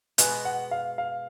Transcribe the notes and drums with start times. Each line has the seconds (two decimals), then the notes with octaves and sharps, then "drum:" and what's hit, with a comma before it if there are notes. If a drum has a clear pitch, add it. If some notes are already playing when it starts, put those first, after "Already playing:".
0.18 B2 G#3 B3 F#4 G#5, drum: hi-hat
0.45 F#5
0.71 F5
0.98 F5